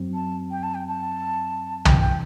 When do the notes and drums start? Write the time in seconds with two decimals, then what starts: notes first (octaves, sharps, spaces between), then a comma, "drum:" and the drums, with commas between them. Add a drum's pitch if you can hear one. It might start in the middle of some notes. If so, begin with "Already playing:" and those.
Already playing: F#2 F#3 C4
0.14 A5
0.51 G5
0.63 A5
0.75 G5
0.87 A5
1.85 E2 C3 E3 G5, drum: tom
2.01 G5